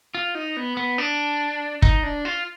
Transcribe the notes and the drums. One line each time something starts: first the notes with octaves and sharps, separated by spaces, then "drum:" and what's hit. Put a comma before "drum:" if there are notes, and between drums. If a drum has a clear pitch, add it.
F4
D#4
B3
B3
D4
D#4, drum: kick
D4
F4